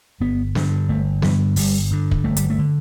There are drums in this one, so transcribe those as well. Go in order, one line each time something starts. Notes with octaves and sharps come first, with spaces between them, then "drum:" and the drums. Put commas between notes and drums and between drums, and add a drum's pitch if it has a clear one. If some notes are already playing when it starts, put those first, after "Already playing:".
G1 B3
G2 D3, drum: snare B3
G1 A3
G2 D3 E3, drum: snare B3
G1 G3, drum: open hi-hat
G2 D3
drum: kick
G1 A3
G3, drum: hi-hat
A3
D3